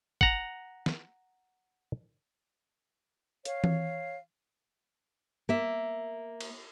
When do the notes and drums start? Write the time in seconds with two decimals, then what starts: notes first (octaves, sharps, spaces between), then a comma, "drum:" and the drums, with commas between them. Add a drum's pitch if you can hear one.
0.21 F#5 A#5, drum: kick
0.86 drum: snare
3.45 C#5 F5, drum: hi-hat
3.64 drum: tom E3
5.49 A#3 E5
6.41 drum: cymbal